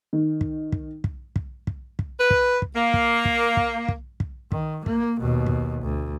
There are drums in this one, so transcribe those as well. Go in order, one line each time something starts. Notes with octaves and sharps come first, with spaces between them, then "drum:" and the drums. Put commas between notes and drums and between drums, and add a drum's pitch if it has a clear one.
D#3
drum: kick
drum: kick
drum: kick
drum: kick
drum: kick
drum: kick
B4
drum: kick
drum: kick
A#3
drum: kick
drum: kick
drum: kick
drum: kick
drum: kick
D#3, drum: kick
A#3, drum: kick
D#2 B2
drum: kick
D2